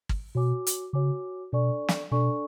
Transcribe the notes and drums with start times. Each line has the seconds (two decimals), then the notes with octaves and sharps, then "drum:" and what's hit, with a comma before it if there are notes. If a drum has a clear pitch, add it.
0.09 drum: kick G#1
0.35 B2 F#4 C#5 G#5 D6
0.67 drum: hi-hat
0.93 C#3 F#4 C#5 G#5 D6
1.52 B2 D4 A4 D5 G#5 C#6
1.88 drum: snare
2.11 B2 D4 A4 D5 G#5 C#6